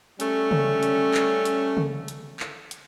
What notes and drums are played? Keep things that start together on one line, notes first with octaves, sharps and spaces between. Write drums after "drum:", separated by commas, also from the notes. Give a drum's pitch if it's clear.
G3 A3 C#4, drum: hi-hat
drum: tom C#3
drum: hi-hat
drum: clap
drum: hi-hat
drum: tom C#3
drum: hi-hat
drum: clap
drum: hi-hat